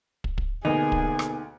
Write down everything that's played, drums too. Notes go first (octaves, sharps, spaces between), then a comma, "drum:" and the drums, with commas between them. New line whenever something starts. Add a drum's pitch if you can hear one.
drum: kick
drum: kick
D2 B2 A#3 B3 D#4 G#4
drum: kick
drum: rim click